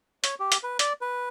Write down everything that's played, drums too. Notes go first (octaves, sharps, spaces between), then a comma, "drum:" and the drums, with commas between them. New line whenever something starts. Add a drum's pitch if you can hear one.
C#5, drum: hi-hat
G4
drum: hi-hat
B4
D5, drum: hi-hat
B4